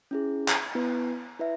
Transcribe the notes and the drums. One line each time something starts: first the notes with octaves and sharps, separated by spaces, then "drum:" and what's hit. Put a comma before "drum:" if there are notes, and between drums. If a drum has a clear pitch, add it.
C#4 E4 G#4
drum: clap
B3 E4 B4
E4 B4 E5